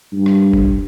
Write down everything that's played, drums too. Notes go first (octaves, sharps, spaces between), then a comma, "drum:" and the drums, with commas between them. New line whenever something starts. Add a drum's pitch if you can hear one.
G2
drum: rim click
drum: kick F#1